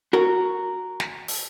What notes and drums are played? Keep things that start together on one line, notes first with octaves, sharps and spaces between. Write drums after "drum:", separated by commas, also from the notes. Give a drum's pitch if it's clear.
F#4 A#4
drum: snare
drum: open hi-hat